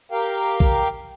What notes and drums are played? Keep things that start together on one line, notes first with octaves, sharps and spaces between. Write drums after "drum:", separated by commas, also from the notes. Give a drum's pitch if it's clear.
G4 A#4 F5 G5
drum: kick